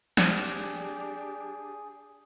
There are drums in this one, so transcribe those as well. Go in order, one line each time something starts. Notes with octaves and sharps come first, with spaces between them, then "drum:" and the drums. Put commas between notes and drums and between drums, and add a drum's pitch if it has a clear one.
D4 G4, drum: snare
G#4